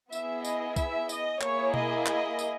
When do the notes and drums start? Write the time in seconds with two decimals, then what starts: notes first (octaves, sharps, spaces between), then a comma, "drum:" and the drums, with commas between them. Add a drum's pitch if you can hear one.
0.12 B3 E4 G#4 E5, drum: tambourine
0.45 D#5, drum: tambourine
0.76 E5, drum: kick, tambourine
1.09 D#5, drum: tambourine
1.41 A#3 E4 G#4 C#5, drum: clap
1.74 D#5, drum: tom B2
2.06 D#5, drum: clap
2.39 drum: tambourine